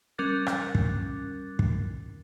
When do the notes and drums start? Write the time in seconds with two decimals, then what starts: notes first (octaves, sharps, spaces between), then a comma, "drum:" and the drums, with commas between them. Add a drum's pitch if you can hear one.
0.18 G3 C#4 A#4 D6 F#6 A6
0.47 drum: rim click
0.75 drum: kick
1.59 drum: kick